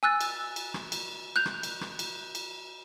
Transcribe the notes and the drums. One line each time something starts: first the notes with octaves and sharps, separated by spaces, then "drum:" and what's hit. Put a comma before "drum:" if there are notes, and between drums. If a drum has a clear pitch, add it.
G#5 E6 F#6 A6
drum: cymbal
drum: cymbal
drum: rim click
drum: cymbal
F#6 G6 F7
drum: rim click
drum: cymbal
drum: rim click
drum: cymbal
drum: cymbal